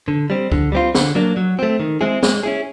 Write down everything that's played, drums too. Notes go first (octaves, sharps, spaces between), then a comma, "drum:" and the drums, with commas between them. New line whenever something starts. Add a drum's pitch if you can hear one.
D3
G3 C4
D3, drum: kick C#2
G3 C4 F4
D3, drum: snare
F#3 A#3 D4
F#3
A3 C4
D#3
G#3 C4 E4 G#4
G#3, drum: snare
C#4 E4 G#4